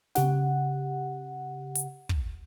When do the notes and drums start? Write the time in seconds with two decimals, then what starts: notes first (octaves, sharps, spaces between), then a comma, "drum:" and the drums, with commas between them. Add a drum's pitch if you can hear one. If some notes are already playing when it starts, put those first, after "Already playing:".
0.15 C#3 G4 F#5, drum: snare
1.75 drum: hi-hat
2.09 drum: kick